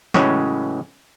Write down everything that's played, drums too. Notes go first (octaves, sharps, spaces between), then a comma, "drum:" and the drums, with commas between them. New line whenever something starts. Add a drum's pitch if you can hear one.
A2 C#3 E3 F#3 G#3 C#4, drum: snare